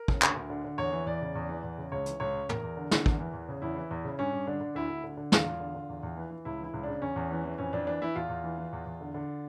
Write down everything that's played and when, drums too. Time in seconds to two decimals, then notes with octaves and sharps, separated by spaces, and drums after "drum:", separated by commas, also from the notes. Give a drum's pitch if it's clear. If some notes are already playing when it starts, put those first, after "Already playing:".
Already playing: A#4
0.08 C#3, drum: kick
0.22 D2, drum: clap
0.36 D2
0.50 D3
0.64 D3
0.78 E2 C#5
0.92 E3
1.06 E2 D5
1.22 C#3
1.35 E2
1.49 E3
1.64 E2
1.78 C#3
1.92 C#2 C#5
2.06 E3, drum: hi-hat
2.20 C#2 C#5
2.35 C#3
2.49 E2 A#4, drum: tom
2.63 E2
2.77 D3
2.91 D3, drum: snare
3.06 E2, drum: kick
3.20 E3
3.34 E2
3.48 C#3
3.62 E2 E4
3.76 E3
3.91 E2
4.05 C#3
4.19 G2 C#4
4.33 G2
4.47 D3 D4
4.61 D3
4.75 D2 E4
4.90 D2
5.04 D3
5.17 D3
5.32 E2 F4, drum: snare
5.46 E2
5.60 D3
5.75 D3
5.89 E2
6.03 E2
6.17 E3
6.31 E3
6.45 C#2 E4
6.60 E3 E4
6.74 C#2
6.83 C#3 D4
7.02 E2 C#4
7.16 E2
7.31 E3
7.44 E3
7.58 F2 C#4
7.73 F2 D4
7.87 E3 D4
8.01 E3 E4
8.16 E2 F4
8.29 E2
8.44 E3
8.58 E3
8.73 E2
8.86 E2
9.01 D3
9.14 D3